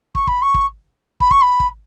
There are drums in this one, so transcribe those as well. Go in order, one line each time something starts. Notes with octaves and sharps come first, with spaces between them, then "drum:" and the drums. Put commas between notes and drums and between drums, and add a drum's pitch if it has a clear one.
C#6, drum: kick
B5, drum: kick
C#6
drum: kick
B5, drum: kick
C#6, drum: kick
B5
drum: kick